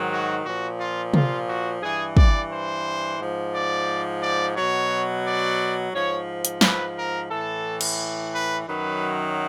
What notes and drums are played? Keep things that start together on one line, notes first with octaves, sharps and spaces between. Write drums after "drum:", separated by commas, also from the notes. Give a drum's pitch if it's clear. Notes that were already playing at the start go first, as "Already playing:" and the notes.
Already playing: G#2 D#3 F#3
F#4
A#2 F3 F#4
F4
F4, drum: tom C3
F#4
G2 E3 G#4
D5, drum: kick
C5
G#2 F3
D5
D5
B2 F#3 C#5
D5
G#2 F3 C#5
drum: hi-hat
B4, drum: snare
A#4
A2 E3 A4
drum: cymbal
B4
F#2 D#3 F#3 B4